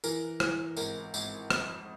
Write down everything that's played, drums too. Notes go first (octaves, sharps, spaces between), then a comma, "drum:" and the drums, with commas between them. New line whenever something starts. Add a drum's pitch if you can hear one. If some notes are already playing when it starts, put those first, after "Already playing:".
E3 A#4, drum: tambourine
E3, drum: rim click
G#1 A#4, drum: tambourine
G#1, drum: tambourine
F2, drum: rim click